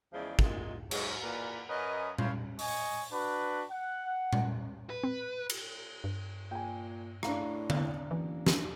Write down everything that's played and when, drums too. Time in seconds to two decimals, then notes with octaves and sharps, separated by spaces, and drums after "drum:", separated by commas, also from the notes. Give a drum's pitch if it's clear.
0.13 E2 C#3 F3 G#3 E4 D5
0.39 A#2 G#3, drum: kick
0.91 G#2 F#3 G#3, drum: cymbal
1.23 A#2 E3 A#4 B4 D5
1.69 F#2 C#4 A#4 B4 D#5
2.18 E4 F4 C5 C#5 F5, drum: tom A#2
2.59 D#5 G#5 C#6, drum: open hi-hat
3.12 D4 F#4 B4
3.71 F#5
4.33 drum: tom A#2
4.90 B4
5.04 C4
5.50 drum: cymbal
6.04 G2
6.51 A#2 G5 G#5
7.23 A2 D4 F5 A#5, drum: rim click
7.70 drum: tom D3
8.11 F#1 E3
8.46 drum: snare